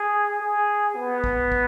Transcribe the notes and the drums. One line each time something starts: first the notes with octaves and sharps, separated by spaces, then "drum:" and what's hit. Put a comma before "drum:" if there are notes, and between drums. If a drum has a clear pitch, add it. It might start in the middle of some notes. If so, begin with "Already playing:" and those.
Already playing: G#4
G#4
B3
drum: kick
drum: kick